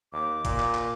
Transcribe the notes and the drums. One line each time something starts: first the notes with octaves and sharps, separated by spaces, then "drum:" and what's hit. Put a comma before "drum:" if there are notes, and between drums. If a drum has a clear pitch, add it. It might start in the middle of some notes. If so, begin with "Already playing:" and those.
D#2 D6
A#2, drum: kick, hi-hat
drum: clap
drum: clap